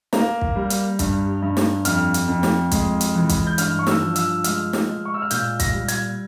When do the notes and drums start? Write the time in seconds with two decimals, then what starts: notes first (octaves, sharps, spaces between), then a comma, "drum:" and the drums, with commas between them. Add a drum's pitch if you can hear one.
0.13 A#3 A#5, drum: snare
0.41 drum: kick
0.56 G3
0.70 drum: hi-hat
0.99 G2, drum: kick, hi-hat
1.42 G2
1.57 drum: snare
1.85 F2 F6, drum: hi-hat
2.14 drum: hi-hat
2.28 F2
2.43 drum: snare
2.71 G#3, drum: kick, hi-hat
3.01 drum: hi-hat
3.15 E3
3.29 drum: kick, hi-hat
3.47 G6
3.58 G2 F6, drum: hi-hat
3.79 C#6
3.87 E6, drum: snare
4.02 F3
4.16 E6, drum: hi-hat
4.44 G#3 F6, drum: hi-hat
4.73 drum: snare
4.88 G#3
5.05 C#6
5.14 E6
5.22 F6
5.31 A#2 G6, drum: hi-hat
5.60 A#6, drum: kick, hi-hat
5.74 G3
5.88 G#6, drum: hi-hat